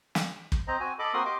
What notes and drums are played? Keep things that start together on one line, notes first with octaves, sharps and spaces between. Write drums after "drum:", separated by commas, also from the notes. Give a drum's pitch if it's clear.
drum: snare
drum: kick
C4 C5 D#5 A#5
C4 F#4 G#5
A4 D#5 B5 D6
A#3 C4 F#4 A#4 C6 D#6
G4 D#5 C6 D6